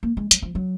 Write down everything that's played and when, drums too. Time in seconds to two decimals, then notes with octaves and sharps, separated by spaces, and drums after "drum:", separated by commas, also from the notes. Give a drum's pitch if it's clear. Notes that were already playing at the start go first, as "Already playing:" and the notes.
0.03 A#3
0.17 G#3
0.31 F#3, drum: hi-hat
0.42 F3
0.55 F#3